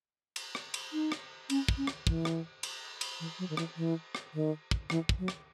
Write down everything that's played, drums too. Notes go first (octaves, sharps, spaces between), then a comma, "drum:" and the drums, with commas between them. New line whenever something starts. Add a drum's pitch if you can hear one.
drum: cymbal
drum: rim click
drum: cymbal
D#4
drum: rim click
C#4, drum: cymbal
drum: kick
C#4
drum: rim click
E3, drum: kick
drum: rim click
drum: cymbal
drum: cymbal
E3
F#3
D#3
E3, drum: rim click
E3
drum: rim click
D#3
drum: kick
E3, drum: rim click
drum: kick
F#3
drum: rim click